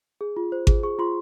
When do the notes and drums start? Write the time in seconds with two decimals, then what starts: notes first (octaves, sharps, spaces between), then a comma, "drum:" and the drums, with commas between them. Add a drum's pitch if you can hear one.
0.21 G#4
0.37 F4
0.52 C5
0.67 G#4, drum: kick G#1
0.83 G#4 C#6
0.99 F4 C6